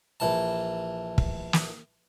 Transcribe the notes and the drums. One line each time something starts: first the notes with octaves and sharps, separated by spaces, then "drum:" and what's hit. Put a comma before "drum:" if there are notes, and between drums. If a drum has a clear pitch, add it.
A#1 E3 A5
drum: kick
drum: snare